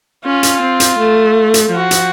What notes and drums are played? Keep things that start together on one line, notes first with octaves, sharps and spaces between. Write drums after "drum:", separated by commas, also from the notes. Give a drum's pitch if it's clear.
C#4 F4
drum: hi-hat
C4
drum: hi-hat
A3
drum: hi-hat
F3 F#4
drum: hi-hat